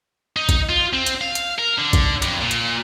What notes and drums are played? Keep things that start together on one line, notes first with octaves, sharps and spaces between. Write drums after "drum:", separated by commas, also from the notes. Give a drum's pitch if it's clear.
D#4
drum: kick, hi-hat
F4
C4
drum: hi-hat
F5
drum: hi-hat
A#4
D3
drum: kick, hi-hat
F2, drum: hi-hat
A#2
drum: hi-hat